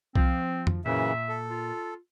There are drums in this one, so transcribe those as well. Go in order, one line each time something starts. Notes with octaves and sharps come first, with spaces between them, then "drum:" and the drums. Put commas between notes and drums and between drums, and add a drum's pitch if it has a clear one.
F3 C4, drum: kick C2
drum: tom F2
F#2 A#2 C#3 E3 E5
A4
F4